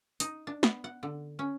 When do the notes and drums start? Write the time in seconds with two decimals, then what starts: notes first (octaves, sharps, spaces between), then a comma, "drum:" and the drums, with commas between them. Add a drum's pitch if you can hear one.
0.20 D#4, drum: hi-hat
0.47 D4
0.63 B3, drum: snare
0.84 F#5
1.03 D3
1.39 C#4